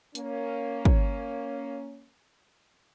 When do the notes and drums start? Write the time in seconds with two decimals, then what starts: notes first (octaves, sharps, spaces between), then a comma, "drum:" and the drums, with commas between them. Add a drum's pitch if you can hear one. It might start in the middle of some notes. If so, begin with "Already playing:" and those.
0.15 A#3 C#4, drum: hi-hat
0.85 drum: kick